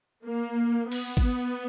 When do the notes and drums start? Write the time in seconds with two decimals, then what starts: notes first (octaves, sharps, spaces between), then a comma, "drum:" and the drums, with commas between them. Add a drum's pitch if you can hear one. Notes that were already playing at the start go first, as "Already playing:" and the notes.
0.25 A#3
0.92 B3, drum: cymbal
1.17 drum: kick